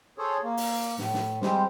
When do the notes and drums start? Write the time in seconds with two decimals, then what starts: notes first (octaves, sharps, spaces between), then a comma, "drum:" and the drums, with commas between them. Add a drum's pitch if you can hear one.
0.18 G#4 A4 C5 C#5
0.43 A#3
0.57 drum: open hi-hat
0.98 A2, drum: snare
1.14 drum: snare
1.42 G3 G#3 C4 C5, drum: snare